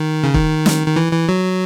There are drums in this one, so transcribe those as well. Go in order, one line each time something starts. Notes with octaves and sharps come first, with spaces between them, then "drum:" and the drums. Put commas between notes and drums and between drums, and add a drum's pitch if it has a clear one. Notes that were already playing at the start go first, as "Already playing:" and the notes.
Already playing: D#3
C#3
D#3, drum: kick
drum: snare
D#3
E3
E3
F#3